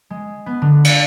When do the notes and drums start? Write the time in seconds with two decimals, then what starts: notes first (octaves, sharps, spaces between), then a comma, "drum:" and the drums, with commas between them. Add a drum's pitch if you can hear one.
0.10 G#3
0.46 B3
0.62 D3
0.84 A4, drum: cymbal